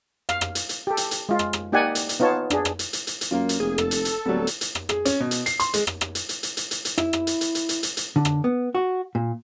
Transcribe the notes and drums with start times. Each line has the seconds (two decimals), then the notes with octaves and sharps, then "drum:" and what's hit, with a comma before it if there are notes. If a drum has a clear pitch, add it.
0.29 F5, drum: rim click
0.41 drum: rim click
0.55 drum: hi-hat
0.69 drum: hi-hat
0.87 G4 A4
0.97 drum: hi-hat
1.11 drum: hi-hat
1.29 G#3 F4
1.39 drum: rim click
1.53 drum: rim click
1.72 A#3 D#4 G4 D5 F#5 G#5
1.95 drum: hi-hat
2.09 drum: hi-hat
2.20 B3 D#4 F4 C#5 A5
2.50 D4 G#4, drum: rim click
2.65 drum: rim click
2.79 drum: hi-hat
2.93 drum: hi-hat
3.07 drum: hi-hat
3.21 drum: hi-hat
3.31 F#2 A#3 F4
3.49 drum: hi-hat
3.60 F1 G#4
3.78 A4, drum: rim click
3.91 drum: hi-hat
4.05 drum: hi-hat
4.26 D1 F#3 G3 B3
4.47 drum: hi-hat
4.61 drum: hi-hat
4.75 drum: rim click
4.89 G#4, drum: rim click
5.05 C#4, drum: hi-hat
5.20 B2
5.31 drum: hi-hat
5.46 C7, drum: hi-hat
5.60 C6, drum: hi-hat
5.74 G#3, drum: hi-hat
5.87 drum: rim click
6.01 drum: rim click
6.15 drum: hi-hat
6.29 drum: hi-hat
6.43 drum: hi-hat
6.57 drum: hi-hat
6.71 drum: hi-hat
6.85 drum: hi-hat
6.98 E4, drum: rim click
7.13 drum: rim click
7.27 drum: hi-hat
7.41 drum: hi-hat
7.55 drum: hi-hat
7.69 drum: hi-hat
7.83 drum: hi-hat
7.97 drum: hi-hat
8.16 D3
8.25 drum: rim click
8.44 B3
8.75 F#4
9.15 A#2